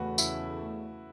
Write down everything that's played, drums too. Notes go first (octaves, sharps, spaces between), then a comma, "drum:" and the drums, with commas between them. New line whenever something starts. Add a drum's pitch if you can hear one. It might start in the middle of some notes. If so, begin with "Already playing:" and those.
Already playing: E2 C#3 A3 F#4 B4
E4, drum: tambourine